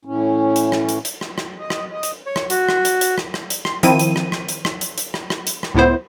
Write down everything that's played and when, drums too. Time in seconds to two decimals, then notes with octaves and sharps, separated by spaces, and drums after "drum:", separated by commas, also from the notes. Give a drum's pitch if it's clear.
0.05 A2 E3 C#4
0.56 drum: hi-hat
0.72 drum: rim click
0.89 drum: hi-hat
1.05 drum: hi-hat
1.21 drum: rim click
1.38 drum: rim click
1.59 D#5
1.70 drum: rim click
1.91 D#5
2.03 drum: hi-hat
2.26 C#5
2.36 drum: rim click
2.50 F#4, drum: hi-hat
2.69 drum: rim click
2.85 drum: hi-hat
3.01 drum: hi-hat
3.18 drum: rim click
3.34 drum: rim click
3.50 drum: hi-hat
3.65 C6, drum: rim click
3.83 D#3 F3 C4 E4 D#7, drum: hi-hat
3.99 drum: hi-hat
4.16 drum: rim click
4.32 drum: rim click
4.49 drum: hi-hat
4.65 drum: rim click
4.81 drum: hi-hat
4.98 drum: hi-hat
5.14 drum: rim click
5.30 drum: rim click
5.47 drum: hi-hat
5.63 drum: rim click
5.75 C#2 A2 B3 E4 C5